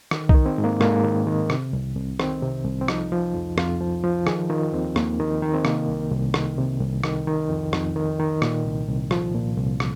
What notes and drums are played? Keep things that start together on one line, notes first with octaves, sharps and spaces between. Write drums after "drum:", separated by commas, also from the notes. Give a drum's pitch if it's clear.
D#3, drum: rim click
D#4, drum: kick B1
D#3
C4
G#2
A#3
G#2 A#3, drum: rim click
D#3
D#3
C3, drum: rim click
C2
C2
D#3 C4, drum: rim click
C3
C2
C4
F3 D#4, drum: rim click
F3
F2
F2 F4, drum: rim click
F3
F3
D#3 G#4, drum: rim click
D#3 F4
D#2 C4
D#2 A#3, drum: rim click
D#3
D#3
C4
C3 A#3, drum: rim click
C2
C2
D#3, drum: rim click
C3
C2
D#3, drum: rim click
D#3
F2
F2 D#4, drum: rim click
D#3
D#3
A#2, drum: rim click
C2
C2
F3 F4, drum: rim click
A#2
C2
drum: rim click